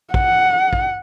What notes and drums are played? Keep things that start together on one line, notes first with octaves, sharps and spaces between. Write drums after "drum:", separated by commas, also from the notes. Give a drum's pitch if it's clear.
F#5, drum: kick
drum: kick